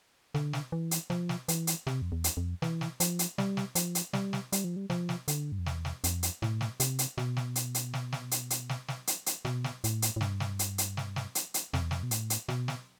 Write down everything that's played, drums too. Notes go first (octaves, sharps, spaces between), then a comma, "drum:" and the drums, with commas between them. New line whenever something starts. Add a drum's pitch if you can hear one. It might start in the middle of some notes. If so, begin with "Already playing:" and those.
D3, drum: snare
drum: snare
E3
drum: hi-hat
F3, drum: snare
drum: snare
E3, drum: hi-hat
drum: hi-hat
C3, drum: snare
F2
E2
drum: hi-hat
F2
E3, drum: snare
drum: snare
F3, drum: hi-hat
drum: hi-hat
G3, drum: snare
drum: snare
F3, drum: hi-hat
drum: hi-hat
G3, drum: snare
drum: snare
G3, drum: hi-hat
F3
G3
F3, drum: snare
drum: snare
D3, drum: hi-hat
G2
F2
E2, drum: snare
drum: snare
F2, drum: hi-hat
drum: hi-hat
A2, drum: snare
drum: snare
C3, drum: hi-hat
drum: hi-hat
B2, drum: snare
drum: snare
drum: hi-hat
drum: hi-hat
drum: snare
drum: snare
drum: hi-hat
drum: hi-hat
drum: snare
drum: snare
drum: hi-hat
drum: hi-hat
B2, drum: snare
drum: snare
A2, drum: hi-hat
drum: hi-hat
A2
G2, drum: snare
drum: snare
drum: hi-hat
drum: hi-hat
drum: snare
drum: snare
drum: hi-hat
drum: hi-hat
F2, drum: snare
E2
F2, drum: snare
B2
A2, drum: hi-hat
drum: hi-hat
B2, drum: snare
drum: snare